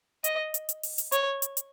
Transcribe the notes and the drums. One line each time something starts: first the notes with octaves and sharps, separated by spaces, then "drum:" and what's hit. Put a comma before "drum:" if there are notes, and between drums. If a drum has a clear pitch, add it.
D#5, drum: hi-hat
drum: hi-hat
drum: hi-hat
drum: open hi-hat
drum: hi-hat
C#5, drum: hi-hat
drum: hi-hat
drum: hi-hat